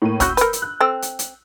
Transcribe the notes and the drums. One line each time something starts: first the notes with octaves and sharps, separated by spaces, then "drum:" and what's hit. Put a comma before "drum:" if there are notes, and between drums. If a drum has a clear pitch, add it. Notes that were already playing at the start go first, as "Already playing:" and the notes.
A2 A#3 D#7
C#4 F#4 B5 E6 G6, drum: kick, hi-hat
A#4 B4, drum: hi-hat
drum: hi-hat
F#6
C4 A4
drum: hi-hat
drum: hi-hat